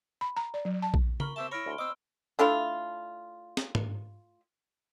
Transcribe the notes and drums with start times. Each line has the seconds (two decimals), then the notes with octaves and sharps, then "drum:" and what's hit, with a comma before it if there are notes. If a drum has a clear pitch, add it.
0.21 B5
0.37 A#5
0.54 D5
0.65 F#3
0.82 A5
0.94 drum: kick A#1
1.20 A#4 B5 C#6 G7, drum: tom C#3
1.36 C4 G4 E5 A5
1.52 E4 C#5 B5 F6 A#6 D7
1.66 D2 B5 C6 G7
1.78 C4 D#5 D6 E6
2.39 A3 D4 E4 F4
3.57 drum: snare
3.75 drum: tom G#2